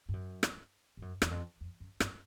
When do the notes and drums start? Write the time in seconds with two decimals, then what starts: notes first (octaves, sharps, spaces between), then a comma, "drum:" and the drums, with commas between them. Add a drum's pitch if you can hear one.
0.09 G2
0.13 F#2
0.43 drum: rim click
0.97 G2
1.02 F#2
1.22 E2, drum: rim click
1.31 F2
1.61 F2
1.80 F#2
2.00 G2, drum: rim click